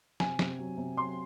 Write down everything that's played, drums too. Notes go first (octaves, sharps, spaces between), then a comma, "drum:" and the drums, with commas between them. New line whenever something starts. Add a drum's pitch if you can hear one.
C3 G#5, drum: snare
C3, drum: snare
F#3
C3
F#3 C6